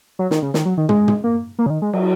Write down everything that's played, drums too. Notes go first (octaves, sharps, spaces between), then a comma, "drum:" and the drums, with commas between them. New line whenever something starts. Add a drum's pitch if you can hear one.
F#3
D#3, drum: snare
C#3
D#3, drum: snare
F#3
D#3
G#3, drum: tom
drum: tom
A#3
A#3
C#3
D#3
G#3
F#3, drum: cymbal